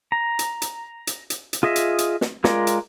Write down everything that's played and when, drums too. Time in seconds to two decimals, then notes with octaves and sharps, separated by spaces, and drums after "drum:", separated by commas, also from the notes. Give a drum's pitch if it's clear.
0.12 A#5
0.39 drum: hi-hat
0.62 drum: hi-hat
1.07 drum: hi-hat
1.30 drum: hi-hat
1.53 drum: hi-hat
1.63 F4 G#4 D#5 E5
1.76 drum: hi-hat
1.98 drum: hi-hat
2.21 drum: snare
2.44 G#3 F4 A#4 D5, drum: snare
2.67 drum: hi-hat